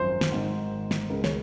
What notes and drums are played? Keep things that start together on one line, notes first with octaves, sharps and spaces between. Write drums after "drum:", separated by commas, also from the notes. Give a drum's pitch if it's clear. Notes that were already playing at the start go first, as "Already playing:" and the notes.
Already playing: G#1 F#2 F3 C5
drum: snare
G#1 G#2 D#3
drum: snare
C#2 C#3 G#3 A#4
C#5, drum: snare